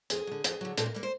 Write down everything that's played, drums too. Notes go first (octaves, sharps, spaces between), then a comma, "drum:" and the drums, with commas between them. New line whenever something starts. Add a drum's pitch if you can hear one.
F2 G#4, drum: hi-hat
F#3
D3
F2, drum: hi-hat
D3 F#3
A#2 A4, drum: hi-hat
A#4
G3 A#3 B4
C5